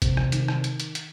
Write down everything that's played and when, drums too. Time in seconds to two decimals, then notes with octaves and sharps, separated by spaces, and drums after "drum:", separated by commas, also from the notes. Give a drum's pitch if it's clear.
0.02 C3, drum: kick, hi-hat
0.17 drum: rim click
0.32 D#3, drum: hi-hat
0.48 drum: rim click
0.64 drum: hi-hat
0.80 drum: hi-hat
0.95 drum: hi-hat